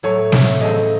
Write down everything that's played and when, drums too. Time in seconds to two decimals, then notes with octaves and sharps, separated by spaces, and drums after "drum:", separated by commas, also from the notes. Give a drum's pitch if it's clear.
0.03 A2 F#3 A3 C#5
0.32 A2 F#3 A3, drum: snare
0.61 E2 C#3 F#3 A3 C4 D#5